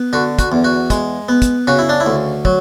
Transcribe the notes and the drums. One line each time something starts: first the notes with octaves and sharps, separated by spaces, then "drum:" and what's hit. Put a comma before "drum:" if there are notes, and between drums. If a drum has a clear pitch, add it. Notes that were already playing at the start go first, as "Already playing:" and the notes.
Already playing: B3
D3 F#4
F#4, drum: kick, hi-hat
E2
F#4
G#3, drum: kick, hi-hat
B3
drum: kick, hi-hat
C#3 F#4
E4
D4
E4
D2
F#3, drum: kick